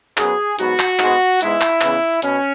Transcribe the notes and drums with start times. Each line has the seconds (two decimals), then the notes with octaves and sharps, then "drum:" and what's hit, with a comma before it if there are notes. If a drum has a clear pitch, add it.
0.17 F#2 F#3 B3 G#4, drum: clap
0.59 G#2 F#3 B3 F#4, drum: hi-hat
0.79 drum: clap
0.99 G#2 G#3 B3, drum: clap
1.41 G#2 G#3 B3 E4, drum: hi-hat
1.61 drum: clap
1.81 E2 C#3 E3 B3, drum: clap
2.22 B2 C#4, drum: hi-hat